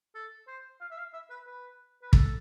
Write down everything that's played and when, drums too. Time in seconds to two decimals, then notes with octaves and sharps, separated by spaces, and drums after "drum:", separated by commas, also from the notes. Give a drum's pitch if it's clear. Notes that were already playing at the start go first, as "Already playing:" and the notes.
0.15 A4
0.48 C5
0.81 F5
0.91 E5
0.98 F5
1.14 E5
1.30 B4
1.47 B4
2.02 B4
2.13 A4, drum: kick